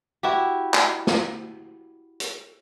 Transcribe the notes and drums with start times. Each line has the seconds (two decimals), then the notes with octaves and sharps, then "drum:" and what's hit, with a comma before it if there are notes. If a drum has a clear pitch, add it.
0.23 E4 F#4 G4
0.74 drum: clap
1.07 drum: snare
2.20 drum: hi-hat